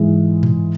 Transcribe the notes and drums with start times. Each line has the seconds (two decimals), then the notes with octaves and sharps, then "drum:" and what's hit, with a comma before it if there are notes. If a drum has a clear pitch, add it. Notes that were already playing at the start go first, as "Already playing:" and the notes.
Already playing: G#2 E3 G#3
0.43 drum: tom A2